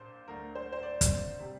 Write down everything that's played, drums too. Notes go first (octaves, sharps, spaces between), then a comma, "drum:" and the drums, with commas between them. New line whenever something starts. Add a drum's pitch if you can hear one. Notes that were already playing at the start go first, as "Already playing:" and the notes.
Already playing: A#1 A#2 C5
D2 D3 A3 A#4
C5
C5
D5
drum: kick, hi-hat
C3 G3